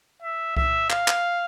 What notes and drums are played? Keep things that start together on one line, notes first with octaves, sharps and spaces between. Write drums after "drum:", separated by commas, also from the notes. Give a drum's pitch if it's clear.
E5
E5, drum: kick C2
F5, drum: clap
drum: clap